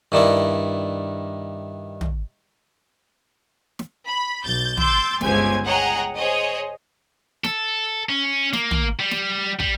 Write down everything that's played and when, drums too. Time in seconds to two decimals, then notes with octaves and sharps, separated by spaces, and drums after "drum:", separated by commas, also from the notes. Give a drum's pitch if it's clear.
0.12 G2 D#3 D4 E4
2.01 drum: tom
3.79 drum: snare
4.07 B5
4.44 B1 G6 A6
4.77 C6 D6 E6 G6 A6, drum: tom
5.21 G1 C#2 B3 C5 G#5 G#6, drum: snare
5.66 G#4 C#5 D#5 F#5 G5 A#5
6.16 G#4 C5 C#5 D#5
7.44 A4, drum: snare
8.09 C#4
8.53 A#3, drum: snare
8.71 drum: tom
8.99 G3
9.11 drum: snare
9.60 G3, drum: kick